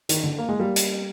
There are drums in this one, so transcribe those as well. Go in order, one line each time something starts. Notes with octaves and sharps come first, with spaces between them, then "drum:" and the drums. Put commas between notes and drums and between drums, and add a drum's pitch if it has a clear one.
D#3, drum: hi-hat
D3
A#3
G#3
G3 A#3
drum: hi-hat